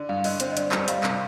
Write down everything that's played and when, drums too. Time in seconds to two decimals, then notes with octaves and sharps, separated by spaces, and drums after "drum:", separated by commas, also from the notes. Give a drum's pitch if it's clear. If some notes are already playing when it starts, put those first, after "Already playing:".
Already playing: D3 D5
0.09 G2 F5
0.24 D3 D#5, drum: open hi-hat
0.40 C4 C5, drum: hi-hat
0.52 D#5
0.57 G2 D5, drum: hi-hat
0.72 G3, drum: clap
0.88 G3 F5, drum: hi-hat
1.03 C3, drum: clap